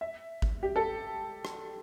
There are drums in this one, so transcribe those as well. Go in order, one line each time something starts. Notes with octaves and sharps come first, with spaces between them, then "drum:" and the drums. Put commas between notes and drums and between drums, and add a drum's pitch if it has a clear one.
E5
drum: kick G#1
G4
A4
drum: rim click